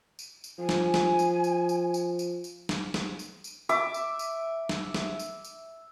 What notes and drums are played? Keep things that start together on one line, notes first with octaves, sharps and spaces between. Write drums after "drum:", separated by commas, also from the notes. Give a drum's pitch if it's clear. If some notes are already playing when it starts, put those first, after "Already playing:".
drum: tambourine
drum: tambourine
F3 G#5
drum: snare
drum: snare
drum: tambourine
drum: tambourine
drum: tambourine
drum: tambourine
drum: tambourine
drum: tambourine
drum: snare
drum: snare
drum: tambourine
drum: tambourine
E5 D6, drum: tambourine
drum: tambourine
drum: tambourine
drum: snare
drum: snare
drum: tambourine
drum: tambourine